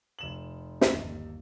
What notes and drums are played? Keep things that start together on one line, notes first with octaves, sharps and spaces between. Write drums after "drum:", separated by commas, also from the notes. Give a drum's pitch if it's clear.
F1 E7 F#7
G1 D#2, drum: snare